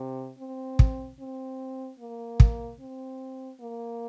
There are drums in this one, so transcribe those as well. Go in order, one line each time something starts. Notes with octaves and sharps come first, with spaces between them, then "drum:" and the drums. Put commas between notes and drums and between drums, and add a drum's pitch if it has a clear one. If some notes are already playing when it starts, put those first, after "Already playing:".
Already playing: C3
C4
drum: kick
C4
A#3
drum: kick
C4
A#3